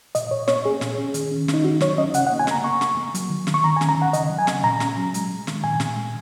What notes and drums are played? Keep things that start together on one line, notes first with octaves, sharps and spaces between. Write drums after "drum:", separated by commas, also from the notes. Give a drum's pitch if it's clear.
A#2 D#5, drum: hi-hat
A#2 C#5
A#3 C#5, drum: snare
C#4 G#4
A#2, drum: snare
C#4
D#3, drum: hi-hat
C#4
D#3, drum: snare
D#4
D#3 F#4
F#3 C#5, drum: snare
C#4 D#5
C#3 F#5, drum: hi-hat
F#5
A#3
G#5
A#3 A#5, drum: snare
A#3 C#6
A#3, drum: snare
A#3
F#3, drum: hi-hat
D#3
D#3, drum: snare
C#6
D#3 A#5
G#5
C#4, drum: snare
A#5
D#3 F#5
C#3 D#5, drum: hi-hat
F#3
G#5
C#4, drum: snare
A#2 A#5
C#4, drum: snare
F#3
G#3, drum: hi-hat
G#3
D#3, drum: snare
A#2 G#5
A#2, drum: snare
G#3